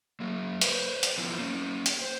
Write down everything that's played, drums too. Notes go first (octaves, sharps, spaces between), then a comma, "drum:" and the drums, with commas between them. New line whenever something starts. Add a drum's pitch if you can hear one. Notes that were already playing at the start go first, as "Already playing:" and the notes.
F#3 A#3
B4 C5, drum: hi-hat
drum: hi-hat
F3 B3 C4 E4 F4
A#3 C#4
drum: hi-hat
C5